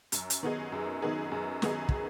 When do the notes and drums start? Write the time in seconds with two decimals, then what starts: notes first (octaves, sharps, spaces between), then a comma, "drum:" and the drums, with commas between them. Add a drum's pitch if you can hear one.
0.12 F#2, drum: hi-hat
0.30 drum: hi-hat
0.43 D#3 B3 D#4 G#4
0.72 F#2
1.02 D#3 B3 D#4 G#4
1.31 F#2
1.62 D#3 B3 D#4 G#4, drum: snare
1.89 drum: kick